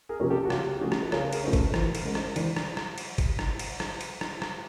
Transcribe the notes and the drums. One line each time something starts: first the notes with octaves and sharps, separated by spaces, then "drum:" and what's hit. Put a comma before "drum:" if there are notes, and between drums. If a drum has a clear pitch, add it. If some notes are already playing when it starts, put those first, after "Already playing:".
G#4 A#4
C3 F3 A#3 C#4
G4 A4
F#4
C#3 F4 G4, drum: rim click
G4
F3 A3 C#4 F#4 G#4
drum: rim click
B4
C#3 G#4 A#4, drum: rim click
G#4 A#4, drum: cymbal
F3 A3 C#4 C5
A4 B4, drum: kick G1, cymbal
B4
E3 A#4 C5, drum: rim click
A#4 C5, drum: cymbal
G#3 C#4
A#4 C5, drum: rim click
E3 C5 D5, drum: cymbal
drum: rim click
drum: rim click
drum: cymbal
drum: kick G1, cymbal
drum: rim click
drum: cymbal
drum: rim click
drum: cymbal
drum: rim click
drum: rim click